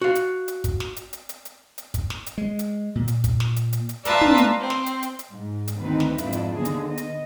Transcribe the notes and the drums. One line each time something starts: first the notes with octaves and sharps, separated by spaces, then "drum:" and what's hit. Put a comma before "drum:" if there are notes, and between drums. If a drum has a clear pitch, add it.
F#4 F5
drum: hi-hat
drum: hi-hat
drum: kick, hi-hat
drum: snare
drum: hi-hat
drum: hi-hat
drum: hi-hat
drum: hi-hat
drum: hi-hat
drum: kick, hi-hat
drum: snare
drum: hi-hat
G#3
drum: hi-hat
A#2
drum: hi-hat
drum: kick, hi-hat
drum: snare
drum: hi-hat
drum: hi-hat
drum: hi-hat
F4 B4 D5 E5 A5 A#5, drum: hi-hat
drum: tom
drum: hi-hat
C4
drum: snare
drum: hi-hat
drum: hi-hat
drum: hi-hat
G#2
drum: hi-hat
D2 D#3 A#3 C4 D#4 B4
drum: snare
F2 G#2 D4 E4, drum: hi-hat
drum: hi-hat
D#2 D3 B3 G#4
drum: hi-hat
B3 D#5
drum: hi-hat